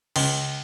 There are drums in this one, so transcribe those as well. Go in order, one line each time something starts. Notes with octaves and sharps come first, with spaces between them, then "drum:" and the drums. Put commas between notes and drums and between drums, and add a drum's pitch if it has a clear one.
C#2, drum: cymbal